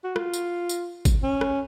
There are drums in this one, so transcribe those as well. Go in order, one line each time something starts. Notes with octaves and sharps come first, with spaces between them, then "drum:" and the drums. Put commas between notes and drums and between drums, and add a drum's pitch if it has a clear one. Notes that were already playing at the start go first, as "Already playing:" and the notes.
F#4
F4, drum: rim click
drum: tambourine
drum: tambourine
drum: kick G#1, tambourine
C#4
drum: rim click